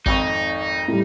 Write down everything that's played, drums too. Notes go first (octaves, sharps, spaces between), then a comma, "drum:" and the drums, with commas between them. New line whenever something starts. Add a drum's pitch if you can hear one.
G#1 F2 D#4 C#6, drum: kick
A2 G3